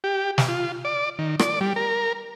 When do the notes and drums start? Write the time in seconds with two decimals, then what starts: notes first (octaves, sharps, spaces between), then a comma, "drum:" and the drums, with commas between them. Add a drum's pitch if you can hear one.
0.04 G4
0.38 drum: snare
0.48 F4
0.85 D5
1.19 D#3
1.39 D5, drum: rim click
1.61 G3
1.76 A#4